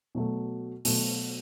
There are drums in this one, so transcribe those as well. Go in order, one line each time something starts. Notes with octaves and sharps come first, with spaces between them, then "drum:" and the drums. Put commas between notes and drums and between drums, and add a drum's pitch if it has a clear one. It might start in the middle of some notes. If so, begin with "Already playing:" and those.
B2 F#3 A3
B2 F#3 A3, drum: open hi-hat